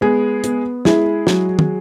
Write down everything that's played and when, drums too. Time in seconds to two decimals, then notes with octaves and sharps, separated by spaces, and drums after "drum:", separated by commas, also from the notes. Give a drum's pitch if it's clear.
0.01 G#3 B3 G#4
0.44 B3, drum: hi-hat
0.85 G#3 E4 G#4, drum: snare
1.27 F#3, drum: snare
1.59 drum: tom